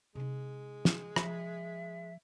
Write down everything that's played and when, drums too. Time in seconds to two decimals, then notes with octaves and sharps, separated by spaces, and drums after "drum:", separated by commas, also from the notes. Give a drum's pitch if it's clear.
0.15 C3 G#3 D#4
0.85 drum: snare
1.16 F3 E5, drum: rim click